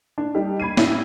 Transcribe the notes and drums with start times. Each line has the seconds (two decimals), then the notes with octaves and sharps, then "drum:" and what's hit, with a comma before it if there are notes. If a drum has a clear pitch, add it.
0.18 D4
0.35 G3 D4 D#4 G4
0.60 B5 G#6 C7 D#7
0.77 A2 C#4 E4, drum: snare